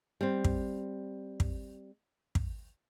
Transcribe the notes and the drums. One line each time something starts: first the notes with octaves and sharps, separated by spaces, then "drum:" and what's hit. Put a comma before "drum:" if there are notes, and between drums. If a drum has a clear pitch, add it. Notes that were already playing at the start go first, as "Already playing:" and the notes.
G3 C4
drum: kick
drum: kick
drum: kick